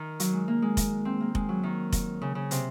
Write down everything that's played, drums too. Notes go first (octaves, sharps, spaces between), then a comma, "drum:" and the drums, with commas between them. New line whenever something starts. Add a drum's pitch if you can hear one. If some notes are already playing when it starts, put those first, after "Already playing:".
Already playing: D#3
F#3, drum: hi-hat
G#3
A#3
G#3
drum: kick F1, hi-hat
C4
A#3
G#3, drum: kick F1
F#3
D#3
drum: kick F1, hi-hat
C#3
C#3
C3, drum: hi-hat